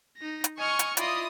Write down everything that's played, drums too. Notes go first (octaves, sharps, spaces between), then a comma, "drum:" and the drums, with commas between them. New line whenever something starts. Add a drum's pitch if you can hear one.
D#4 A#6
drum: hi-hat
D#5 G#5 C#6 F6
drum: hi-hat
E4 F4 D5 D#5 D#6, drum: hi-hat